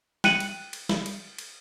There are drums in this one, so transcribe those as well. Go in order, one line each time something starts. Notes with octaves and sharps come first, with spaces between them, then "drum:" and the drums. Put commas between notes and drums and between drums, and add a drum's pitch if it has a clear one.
G5 F#6 C#7 D#7 F#7, drum: snare
drum: cymbal
drum: cymbal
drum: snare
drum: cymbal
drum: cymbal